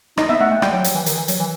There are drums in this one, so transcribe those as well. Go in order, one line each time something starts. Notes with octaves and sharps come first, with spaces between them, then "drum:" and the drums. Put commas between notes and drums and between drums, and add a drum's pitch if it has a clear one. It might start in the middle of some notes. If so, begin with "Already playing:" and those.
D#4 D#5, drum: rim click
B3 E5
A3 F#5
A3 G5
G3 G5, drum: rim click
F#3
F#3, drum: hi-hat
E3
D#3, drum: hi-hat
E3
F#3, drum: hi-hat
E3